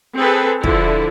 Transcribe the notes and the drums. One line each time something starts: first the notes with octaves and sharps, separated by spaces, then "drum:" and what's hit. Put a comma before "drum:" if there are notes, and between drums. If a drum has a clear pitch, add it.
C4 G#4 A4 B4
D3 F3 E4, drum: kick